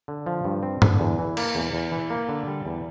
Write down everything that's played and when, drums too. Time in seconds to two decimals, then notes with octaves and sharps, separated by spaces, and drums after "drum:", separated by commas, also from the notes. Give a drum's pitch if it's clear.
0.08 D3
0.26 F3
0.44 G2
0.63 C4
0.82 D3, drum: tom G2
1.00 E2
1.19 E3
1.37 A#3, drum: cymbal
1.55 E2
1.73 E2
1.92 E3
2.10 A#3
2.29 D3
2.47 G3
2.65 E2